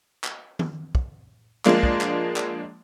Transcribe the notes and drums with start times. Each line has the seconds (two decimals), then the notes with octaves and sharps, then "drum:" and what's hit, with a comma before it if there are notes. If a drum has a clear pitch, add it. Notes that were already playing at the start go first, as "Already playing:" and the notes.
0.24 drum: clap
0.59 drum: tom D#3
0.95 drum: kick
1.66 F3 G#3 A#3 D4, drum: clap
1.83 drum: kick
2.01 drum: clap
2.36 drum: clap